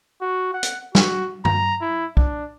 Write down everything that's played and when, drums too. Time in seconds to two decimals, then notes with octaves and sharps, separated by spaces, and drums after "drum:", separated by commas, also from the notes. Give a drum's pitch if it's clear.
0.22 F#4
0.53 F#5
0.63 drum: hi-hat
0.95 F#4, drum: snare
1.45 A#5, drum: tom
1.81 E4
2.17 D4, drum: kick